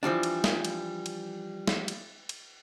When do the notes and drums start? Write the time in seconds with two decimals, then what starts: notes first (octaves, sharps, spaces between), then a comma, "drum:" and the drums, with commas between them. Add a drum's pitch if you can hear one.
0.03 E3 F3 G3 D4
0.23 drum: cymbal
0.44 drum: snare
0.65 drum: cymbal
1.06 drum: cymbal
1.67 drum: snare
1.88 drum: cymbal
2.29 drum: cymbal